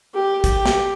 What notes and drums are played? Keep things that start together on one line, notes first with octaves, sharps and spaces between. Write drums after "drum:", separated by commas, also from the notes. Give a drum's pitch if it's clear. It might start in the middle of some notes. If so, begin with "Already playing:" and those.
G4
G4, drum: kick A1, hi-hat
drum: snare